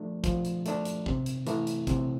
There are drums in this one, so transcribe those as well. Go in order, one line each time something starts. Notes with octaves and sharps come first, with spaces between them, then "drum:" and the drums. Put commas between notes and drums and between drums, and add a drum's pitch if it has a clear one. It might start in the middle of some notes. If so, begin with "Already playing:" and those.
Already playing: F3 A3 D4
F3, drum: kick, hi-hat
drum: hi-hat
A3 D4, drum: hi-hat
drum: hi-hat
C3, drum: kick
drum: hi-hat
E3 A3 E4, drum: hi-hat
drum: hi-hat
C3, drum: kick, hi-hat